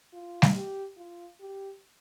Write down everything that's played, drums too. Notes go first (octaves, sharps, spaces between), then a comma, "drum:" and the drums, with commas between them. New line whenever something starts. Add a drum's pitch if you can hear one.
F4
drum: snare G3
G4
F4
G4